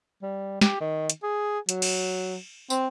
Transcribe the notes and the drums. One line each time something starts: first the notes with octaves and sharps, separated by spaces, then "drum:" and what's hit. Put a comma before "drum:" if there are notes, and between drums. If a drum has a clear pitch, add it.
G3
G4, drum: snare
D#3
drum: hi-hat
G#4
F#3, drum: hi-hat
drum: cymbal
C4, drum: tambourine